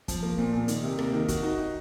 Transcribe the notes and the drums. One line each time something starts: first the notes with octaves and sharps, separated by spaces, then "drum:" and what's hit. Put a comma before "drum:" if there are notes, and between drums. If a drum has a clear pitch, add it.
F3, drum: kick, hi-hat
A#3
A#2
A#2
D#3, drum: hi-hat
C3
A#3, drum: rim click
D#3
F#4, drum: kick, hi-hat
D#4
D#4